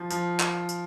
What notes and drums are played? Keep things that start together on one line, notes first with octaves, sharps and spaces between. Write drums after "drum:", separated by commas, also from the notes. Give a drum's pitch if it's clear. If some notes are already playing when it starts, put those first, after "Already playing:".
Already playing: F3
F3, drum: tambourine
drum: clap
drum: tambourine